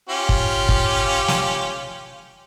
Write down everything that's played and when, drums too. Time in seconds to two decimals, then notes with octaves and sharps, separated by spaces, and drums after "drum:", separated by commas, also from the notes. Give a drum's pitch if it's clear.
0.09 C#4 F4 G4
0.29 drum: kick
0.69 drum: kick
1.28 drum: snare